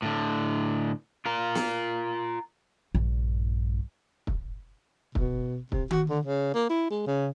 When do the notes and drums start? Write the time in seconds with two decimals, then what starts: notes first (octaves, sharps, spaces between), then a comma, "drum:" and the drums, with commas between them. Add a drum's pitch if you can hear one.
0.02 A2 D3
1.25 F4 A#4
1.55 drum: snare
2.95 A#1 G2
4.27 drum: kick
5.15 B2, drum: kick
5.72 C3, drum: kick
5.91 F#4, drum: tom D#3
6.10 D3
6.25 C#3
6.54 A#3
6.70 E4
6.90 G#3
7.07 C#3